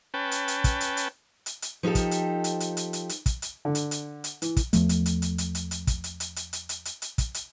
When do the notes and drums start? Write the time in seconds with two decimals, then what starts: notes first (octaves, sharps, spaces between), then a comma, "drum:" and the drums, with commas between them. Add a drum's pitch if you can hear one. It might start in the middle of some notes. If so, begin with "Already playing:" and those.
0.14 C#4 B4 G5 A5
0.32 drum: hi-hat
0.48 drum: hi-hat
0.64 drum: kick, hi-hat
0.81 drum: hi-hat
0.97 drum: hi-hat
1.46 drum: hi-hat
1.62 drum: hi-hat
1.83 F3 D#4 G4 A4
1.95 drum: kick, hi-hat
2.11 drum: hi-hat
2.44 drum: hi-hat
2.60 drum: hi-hat
2.77 drum: hi-hat
2.93 drum: hi-hat
3.09 drum: hi-hat
3.26 drum: kick, hi-hat
3.42 drum: hi-hat
3.65 D3
3.75 drum: hi-hat
3.91 drum: hi-hat
4.24 drum: hi-hat
4.42 E3, drum: hi-hat
4.57 drum: kick, hi-hat
4.73 E2 F3 A3, drum: hi-hat
4.89 drum: hi-hat
5.06 drum: hi-hat
5.22 drum: hi-hat
5.38 drum: hi-hat
5.55 drum: hi-hat
5.71 drum: hi-hat
5.87 drum: kick, hi-hat
6.04 drum: hi-hat
6.20 drum: hi-hat
6.36 drum: hi-hat
6.53 drum: hi-hat
6.69 drum: hi-hat
6.85 drum: hi-hat
7.02 drum: hi-hat
7.18 drum: kick, hi-hat
7.34 drum: hi-hat